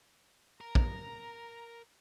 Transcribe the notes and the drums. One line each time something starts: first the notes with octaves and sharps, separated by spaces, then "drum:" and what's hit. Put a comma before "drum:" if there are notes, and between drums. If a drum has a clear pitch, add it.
A#4 A#5
drum: kick